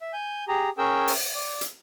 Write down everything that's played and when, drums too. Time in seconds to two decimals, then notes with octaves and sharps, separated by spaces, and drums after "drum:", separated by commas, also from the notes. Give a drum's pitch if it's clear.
0.01 E5
0.13 G#5 G6
0.48 G4 G#4 A#5
0.78 C#4 G#4 A#4 G5 E6
1.08 drum: open hi-hat
1.35 D5
1.61 drum: hi-hat